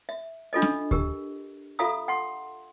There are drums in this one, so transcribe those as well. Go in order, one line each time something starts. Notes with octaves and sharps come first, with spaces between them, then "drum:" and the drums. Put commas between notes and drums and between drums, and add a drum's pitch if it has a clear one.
E5
D4 F4 A4 D#5
drum: snare C#4
G4 A#4, drum: kick D2
F4 A4 E5 F5 A#5 D#6
F#5 C6